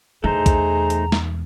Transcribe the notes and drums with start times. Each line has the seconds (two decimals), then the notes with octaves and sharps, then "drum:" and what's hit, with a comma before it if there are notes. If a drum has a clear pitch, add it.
0.24 E2 B2 A3 D#4 G#4 C5 A#5
0.46 drum: kick B1, hi-hat
0.90 drum: hi-hat
1.12 drum: snare